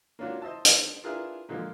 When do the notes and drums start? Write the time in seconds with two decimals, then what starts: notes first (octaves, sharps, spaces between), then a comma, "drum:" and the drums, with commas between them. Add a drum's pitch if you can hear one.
0.19 A#3 C#4 D4 F4 F#4
0.42 C5 D#5 E5 A5
0.65 drum: hi-hat
1.04 D4 E4 F4 G#4 A#4 B4
1.49 A#2 D3 F3 G#3 A#3